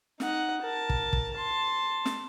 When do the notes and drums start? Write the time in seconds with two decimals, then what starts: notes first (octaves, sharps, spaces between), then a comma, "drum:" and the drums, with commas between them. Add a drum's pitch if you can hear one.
0.20 D#4 F#5, drum: snare
0.62 A#4 A5
0.90 drum: kick
1.13 drum: kick
1.34 A5 C6
2.06 drum: snare